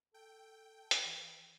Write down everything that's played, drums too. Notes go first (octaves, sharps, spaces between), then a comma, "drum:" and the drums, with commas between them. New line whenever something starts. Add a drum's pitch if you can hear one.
A4 G5
drum: hi-hat
E3